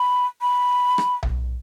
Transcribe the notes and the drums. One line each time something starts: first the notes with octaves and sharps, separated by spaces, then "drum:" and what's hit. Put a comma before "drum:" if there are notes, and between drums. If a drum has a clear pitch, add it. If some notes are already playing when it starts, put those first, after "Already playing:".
Already playing: B5
B5
drum: rim click
drum: tom B1